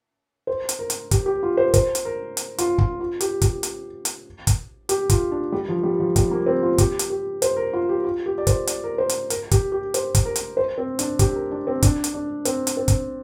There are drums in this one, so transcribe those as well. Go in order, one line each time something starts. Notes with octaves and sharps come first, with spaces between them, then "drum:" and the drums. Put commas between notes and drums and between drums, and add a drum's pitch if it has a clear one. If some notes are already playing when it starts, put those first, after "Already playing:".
C5
drum: hi-hat
A#4
drum: hi-hat
G4, drum: kick, hi-hat
G4
F4
C5
C5, drum: kick, hi-hat
drum: hi-hat
A#4
drum: hi-hat
F4, drum: hi-hat
F4, drum: kick
F4
G4, drum: hi-hat
G4, drum: kick, hi-hat
drum: hi-hat
drum: hi-hat
drum: kick, hi-hat
G4, drum: hi-hat
F4, drum: kick, hi-hat
D4
G3
F3
G3
F3
G3, drum: kick, hi-hat
A#3
C4
F4
G4, drum: kick, hi-hat
drum: hi-hat
G4
C5, drum: hi-hat
A#4
F4
G4
F4
G4
D5
C5, drum: kick, hi-hat
D5, drum: hi-hat
A#4
C5
drum: hi-hat
A#4, drum: hi-hat
G4, drum: kick, hi-hat
G4
C5, drum: hi-hat
drum: kick, hi-hat
A#4
drum: hi-hat
C5
C4
D4, drum: hi-hat
G4, drum: kick, hi-hat
A#4
D4
C4
D4, drum: kick, hi-hat
drum: hi-hat
D4
C4, drum: hi-hat
drum: hi-hat
C4
drum: kick, hi-hat